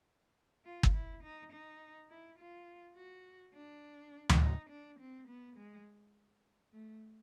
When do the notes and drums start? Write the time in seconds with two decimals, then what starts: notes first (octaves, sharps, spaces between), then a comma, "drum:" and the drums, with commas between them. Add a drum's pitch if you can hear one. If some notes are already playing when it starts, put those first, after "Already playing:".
0.65 F4
0.83 drum: kick
0.94 E4
1.23 D#4
1.52 D#4
2.09 E4
2.38 F4
2.96 F#4
3.55 D4
4.29 drum: tom D2
4.41 D#4
4.70 D4
4.99 C4
5.28 B3
5.56 G#3
6.73 A3